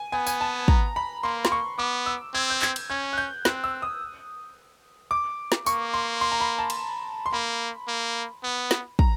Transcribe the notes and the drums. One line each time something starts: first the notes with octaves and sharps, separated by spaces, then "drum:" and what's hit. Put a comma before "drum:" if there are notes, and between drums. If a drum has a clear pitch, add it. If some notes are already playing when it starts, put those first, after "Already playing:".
Already playing: G#5
B3 G#5
G#5, drum: tambourine
A5
A#5, drum: kick
B5
A#3 C6
C6, drum: snare
C#6
B3 D6
E6
C4 G#6
G6
G#6, drum: clap
drum: cymbal
C#4 G#6
F#6
G6
C4 F#6, drum: snare
E6
D#6
D6
drum: snare
A#3 C#6, drum: tambourine
C6
C6
A#5
B5
A5
drum: cymbal
C6
A#3 B5
A#3
B3
drum: snare
A#5, drum: kick